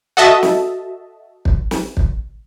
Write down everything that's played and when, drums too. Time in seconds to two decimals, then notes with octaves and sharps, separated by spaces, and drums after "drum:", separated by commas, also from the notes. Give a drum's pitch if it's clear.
0.17 F#4 A4 D#5 E5 A5
0.43 drum: snare
1.45 drum: kick
1.71 drum: snare
1.97 drum: kick